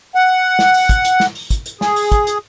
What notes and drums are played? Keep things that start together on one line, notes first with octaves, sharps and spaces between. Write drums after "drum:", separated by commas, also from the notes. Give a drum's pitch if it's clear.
F#5
drum: snare
drum: open hi-hat
drum: kick, hi-hat
drum: hi-hat
drum: snare
drum: open hi-hat
drum: kick, hi-hat
drum: hi-hat
G#4, drum: snare
drum: open hi-hat
drum: kick, hi-hat
drum: hi-hat